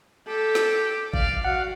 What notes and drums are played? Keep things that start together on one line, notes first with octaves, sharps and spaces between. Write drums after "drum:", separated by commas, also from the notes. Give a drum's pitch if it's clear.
G4 A4
drum: snare
D5 F5, drum: kick G#1
F#4 F5 F#5